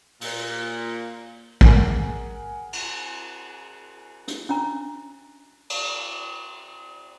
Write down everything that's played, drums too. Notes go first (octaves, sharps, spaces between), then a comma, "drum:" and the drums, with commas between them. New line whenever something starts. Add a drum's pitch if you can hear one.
A#2, drum: open hi-hat
G#4 A#4 F#5 G#5, drum: kick
drum: cymbal
drum: hi-hat
C#4 D4 A#5
drum: cymbal